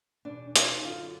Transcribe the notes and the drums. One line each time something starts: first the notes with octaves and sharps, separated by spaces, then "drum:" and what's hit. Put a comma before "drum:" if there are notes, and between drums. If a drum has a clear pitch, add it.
E2 B2 D4
D#4, drum: hi-hat
F#2 D3 F4